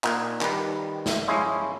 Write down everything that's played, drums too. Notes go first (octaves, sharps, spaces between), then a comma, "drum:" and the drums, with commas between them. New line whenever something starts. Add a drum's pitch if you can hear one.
A#2 D#4 F#5, drum: clap
D#3 G3 B4, drum: clap
drum: snare
F3 G#3 C#4 E4 C5 D#5